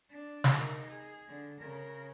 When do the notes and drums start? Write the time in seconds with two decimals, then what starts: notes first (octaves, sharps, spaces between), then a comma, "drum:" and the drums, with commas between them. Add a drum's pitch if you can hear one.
0.11 D4
0.44 drum: snare
0.54 D#4 A#4
0.88 G#4
1.29 D3
1.60 C#3 A#4